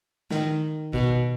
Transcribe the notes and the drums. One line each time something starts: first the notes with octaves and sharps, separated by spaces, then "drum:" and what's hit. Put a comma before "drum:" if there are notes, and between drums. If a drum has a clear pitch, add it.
D#3, drum: snare
B2, drum: kick